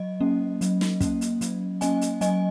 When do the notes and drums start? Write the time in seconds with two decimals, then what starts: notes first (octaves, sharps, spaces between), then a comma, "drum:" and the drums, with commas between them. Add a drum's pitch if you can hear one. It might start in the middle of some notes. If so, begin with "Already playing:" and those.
Already playing: F#3 D#5
0.20 A#3 C#4
0.61 F#3, drum: hi-hat
0.81 drum: snare
1.01 A#3 C#4, drum: kick, hi-hat
1.21 drum: hi-hat
1.41 F#3, drum: hi-hat
1.81 A#3 C#4 D#5 G#5, drum: hi-hat
2.01 drum: hi-hat
2.21 F#3 D#5 G#5, drum: hi-hat